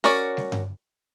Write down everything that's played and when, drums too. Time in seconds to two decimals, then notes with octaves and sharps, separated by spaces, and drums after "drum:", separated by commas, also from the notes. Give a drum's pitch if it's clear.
0.04 C#4 F#4 A#4 D5, drum: open hi-hat
0.37 drum: snare G3
0.52 drum: tom G2